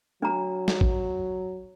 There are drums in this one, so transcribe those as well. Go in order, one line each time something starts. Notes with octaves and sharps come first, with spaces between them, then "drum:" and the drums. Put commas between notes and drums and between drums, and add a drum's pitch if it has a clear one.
F#3 D4 A#5
drum: snare
drum: kick A1